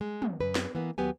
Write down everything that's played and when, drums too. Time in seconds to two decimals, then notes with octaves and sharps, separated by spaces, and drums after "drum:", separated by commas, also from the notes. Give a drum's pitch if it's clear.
0.01 G#3
0.22 drum: tom
0.41 F#2 B4
0.55 drum: snare
0.75 E3 A#3 B3
0.98 D#2 F#3 B3 G4 G#5